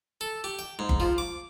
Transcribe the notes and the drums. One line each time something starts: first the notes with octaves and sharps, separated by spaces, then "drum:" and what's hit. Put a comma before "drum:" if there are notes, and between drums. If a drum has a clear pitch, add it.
A4
G4
G5
G#2
drum: kick F#1
F3
D6